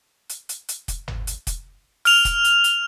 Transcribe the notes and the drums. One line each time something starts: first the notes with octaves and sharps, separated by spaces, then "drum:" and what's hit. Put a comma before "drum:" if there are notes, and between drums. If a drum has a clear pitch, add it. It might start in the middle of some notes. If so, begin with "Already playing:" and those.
drum: hi-hat
drum: hi-hat
drum: hi-hat
drum: kick, hi-hat
drum: tom
drum: hi-hat
drum: kick, hi-hat
F6 F7, drum: open hi-hat
drum: kick, hi-hat
drum: hi-hat
drum: hi-hat